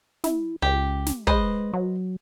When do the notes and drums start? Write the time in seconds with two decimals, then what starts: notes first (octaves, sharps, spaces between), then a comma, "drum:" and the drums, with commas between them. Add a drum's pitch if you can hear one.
0.24 E4, drum: snare
0.62 C#2 G4
1.06 drum: snare
1.27 G#3 B4 C5 D#5, drum: kick
1.73 F#3